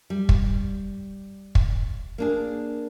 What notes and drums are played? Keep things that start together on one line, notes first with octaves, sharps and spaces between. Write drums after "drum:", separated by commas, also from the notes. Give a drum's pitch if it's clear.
G3
drum: kick
drum: kick
A#3 D4 G#4